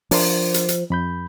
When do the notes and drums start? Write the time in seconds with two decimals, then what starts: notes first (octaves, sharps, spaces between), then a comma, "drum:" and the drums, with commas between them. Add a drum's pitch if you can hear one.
0.11 F3 D4 A#4 C6, drum: open hi-hat
0.54 drum: hi-hat
0.69 drum: hi-hat
0.90 F2 B5 G6